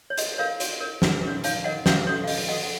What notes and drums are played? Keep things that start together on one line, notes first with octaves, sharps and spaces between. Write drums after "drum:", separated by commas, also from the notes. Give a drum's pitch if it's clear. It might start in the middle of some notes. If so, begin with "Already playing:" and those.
C#5
F#4 D#5, drum: hi-hat
A#4 C#5 F5
F#4 C#5, drum: hi-hat
A#4 C#5
D#4, drum: snare
A#4 C#5
D#4 C#5 F5, drum: hi-hat
A#4 C#5 D#5 F#5
C#4 C#5 F5, drum: snare
F#4 A4 C#5
F5
C#4 D#5, drum: open hi-hat
F#4 A4 D#5 F#5
F#5